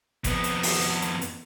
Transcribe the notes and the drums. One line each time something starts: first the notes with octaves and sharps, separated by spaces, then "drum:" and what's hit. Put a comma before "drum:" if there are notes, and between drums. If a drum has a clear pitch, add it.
F2 B3, drum: kick G#1, hi-hat
drum: hi-hat
drum: open hi-hat
drum: hi-hat
drum: hi-hat